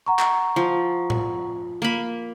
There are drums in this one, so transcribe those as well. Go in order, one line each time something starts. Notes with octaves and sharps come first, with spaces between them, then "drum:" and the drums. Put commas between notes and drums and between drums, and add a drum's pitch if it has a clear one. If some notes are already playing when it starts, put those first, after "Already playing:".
F#5 A#5 C#6
drum: clap
F3
drum: tom A2
A#3 B5